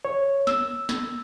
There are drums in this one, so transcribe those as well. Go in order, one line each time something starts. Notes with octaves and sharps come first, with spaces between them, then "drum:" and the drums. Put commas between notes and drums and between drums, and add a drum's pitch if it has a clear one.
C#5
E6, drum: snare
drum: snare